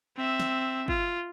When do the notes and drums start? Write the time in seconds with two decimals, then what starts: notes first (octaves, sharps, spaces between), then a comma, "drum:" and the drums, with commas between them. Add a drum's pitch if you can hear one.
0.17 C4 E5
0.40 drum: snare
0.88 F4, drum: kick